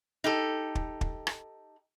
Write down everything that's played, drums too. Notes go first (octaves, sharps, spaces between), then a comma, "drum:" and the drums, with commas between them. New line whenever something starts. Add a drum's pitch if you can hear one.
D#4 G4 A4
drum: kick
drum: kick
drum: rim click